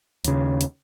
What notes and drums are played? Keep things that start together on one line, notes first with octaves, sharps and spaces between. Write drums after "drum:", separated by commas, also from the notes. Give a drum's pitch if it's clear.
D#2 C#3, drum: hi-hat
drum: hi-hat